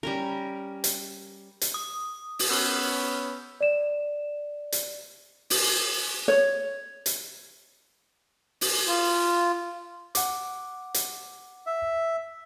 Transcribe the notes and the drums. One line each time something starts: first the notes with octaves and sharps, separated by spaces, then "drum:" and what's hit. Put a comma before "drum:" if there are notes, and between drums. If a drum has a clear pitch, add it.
G3 C#4 A#4
drum: hi-hat
drum: hi-hat
D#6
drum: open hi-hat
B3 C#4 E6 F6 G6
D5 E7
drum: hi-hat
drum: open hi-hat
C#5
drum: hi-hat
drum: open hi-hat
F4
F#5 D6, drum: hi-hat
drum: hi-hat
E5